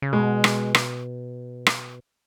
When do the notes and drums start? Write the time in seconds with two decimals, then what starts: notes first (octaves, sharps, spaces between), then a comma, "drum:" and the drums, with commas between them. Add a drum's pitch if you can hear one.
0.02 C#3
0.13 B2 G#3
0.44 drum: rim click
0.75 drum: rim click
1.66 drum: rim click